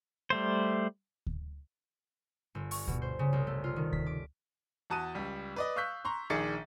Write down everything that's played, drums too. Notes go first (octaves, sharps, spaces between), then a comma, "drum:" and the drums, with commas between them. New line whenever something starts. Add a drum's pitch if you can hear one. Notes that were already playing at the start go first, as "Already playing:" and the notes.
G3 A3 C5
drum: kick D2
G1
C#6, drum: open hi-hat
B2, drum: kick D2
C5
C#3
C2
A3
F4
D#3
B6, drum: kick D2
D6
E2 F#4 A5 D#6 D#7
C#2 G3
B4 D5 D#5
F5 C#6 E6 F#6 G6 B6
A#5 C6 C#6
A#1 D#3 G#4 D5 A6 C#7